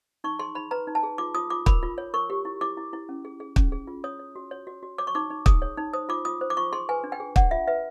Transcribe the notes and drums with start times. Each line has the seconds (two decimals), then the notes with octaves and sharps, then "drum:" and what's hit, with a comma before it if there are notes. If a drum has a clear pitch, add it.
0.24 D#4 C#6
0.39 G#4 C6
0.55 D#4 B5
0.71 B4 A#5
0.87 D#4
0.95 A5
1.03 G#4
1.18 F4 D6
1.34 F4 D#6
1.50 F4 D6
1.66 A#4 B5, drum: kick
1.83 F4
1.98 C#5
2.14 A#4 C#6
2.30 G4
2.45 E4
2.61 E4 D6
2.77 E4
2.93 E4
3.09 C#4
3.25 G#4
3.40 G#4
3.56 C#4, drum: kick
3.72 G#4
3.87 F4
4.04 C#5 D#6
4.19 C#5
4.36 F#4
4.51 C#5
4.67 F#4
4.83 F#4
4.98 C#5 D6
5.07 C#6
5.15 D#4 D6
5.30 D#4
5.46 G#4 D#6, drum: kick
5.62 C#5
5.77 D#4
5.93 C5 D#6
6.09 F4 D6
6.25 F4 D#6
6.41 C5
6.50 D6
6.57 F4 C#6
6.73 G#4 C6
6.89 B4 G#5
7.04 D4
7.12 G5
7.20 G#4
7.36 D4 F#5, drum: kick
7.51 F4 E5
7.68 B4 E5